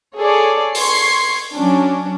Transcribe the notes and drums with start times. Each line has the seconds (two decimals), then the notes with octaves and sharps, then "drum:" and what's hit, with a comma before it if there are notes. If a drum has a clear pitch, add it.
0.17 G#4 A4 C#5 D5
0.75 C6 C#6 G#6 C7, drum: open hi-hat
1.53 F#3 C#4 D4